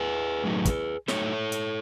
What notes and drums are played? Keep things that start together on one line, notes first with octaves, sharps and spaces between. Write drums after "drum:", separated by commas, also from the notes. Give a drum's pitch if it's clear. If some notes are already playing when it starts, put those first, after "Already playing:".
Already playing: G#4 B4
A2 F#3 A3 D#4
drum: kick, hi-hat
A2 F#3 A3 D#4 A4 C#5, drum: snare
drum: hi-hat